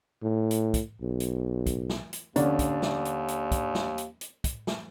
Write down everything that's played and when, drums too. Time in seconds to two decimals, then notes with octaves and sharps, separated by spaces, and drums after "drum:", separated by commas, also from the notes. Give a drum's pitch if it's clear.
0.23 A2
0.51 drum: hi-hat
0.74 drum: kick, hi-hat
1.02 B1
1.20 drum: hi-hat
1.66 drum: kick, hi-hat
1.90 drum: snare
2.13 drum: hi-hat
2.36 D#2 D3 C#4 D4, drum: hi-hat
2.59 drum: kick, hi-hat
2.82 drum: snare
3.05 drum: hi-hat
3.28 drum: hi-hat
3.52 drum: kick, hi-hat
3.75 drum: snare
3.98 drum: hi-hat
4.21 drum: hi-hat
4.44 drum: kick, hi-hat
4.67 drum: snare